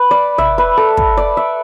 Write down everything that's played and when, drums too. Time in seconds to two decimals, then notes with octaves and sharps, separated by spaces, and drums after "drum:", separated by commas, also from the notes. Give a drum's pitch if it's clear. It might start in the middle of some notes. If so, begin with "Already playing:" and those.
Already playing: B4
0.11 D5
0.38 E5, drum: tom
0.58 B4
0.77 A4
0.97 drum: kick
1.17 D5
1.37 E5